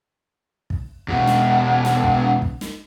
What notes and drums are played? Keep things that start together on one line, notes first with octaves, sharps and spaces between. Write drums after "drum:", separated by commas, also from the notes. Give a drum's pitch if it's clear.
drum: kick
E2 B2, drum: kick
drum: snare
drum: snare
drum: kick
drum: kick
drum: snare